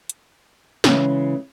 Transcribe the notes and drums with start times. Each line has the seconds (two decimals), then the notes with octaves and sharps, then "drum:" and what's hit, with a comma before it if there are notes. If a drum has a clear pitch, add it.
0.09 drum: hi-hat
0.84 C#3 E3 G#3, drum: snare